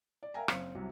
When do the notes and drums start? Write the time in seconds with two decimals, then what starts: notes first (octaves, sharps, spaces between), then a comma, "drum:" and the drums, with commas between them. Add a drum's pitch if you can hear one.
0.23 D5
0.34 A#4 E5 F5 G5 G#5 A#5
0.48 F#1 C4 F5 C#7, drum: rim click
0.75 C2 C3 F#3